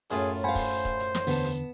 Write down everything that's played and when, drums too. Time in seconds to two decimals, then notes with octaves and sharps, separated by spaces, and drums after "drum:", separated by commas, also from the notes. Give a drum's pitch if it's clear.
0.11 F#2 A2 F4 G#4, drum: hi-hat
0.44 C5 F5 F#5 G#5 B5
0.55 drum: kick, open hi-hat
0.70 drum: hi-hat
0.85 drum: kick, hi-hat
1.00 drum: hi-hat
1.15 drum: snare
1.27 E2 D3 B3 A5, drum: open hi-hat
1.44 drum: hi-hat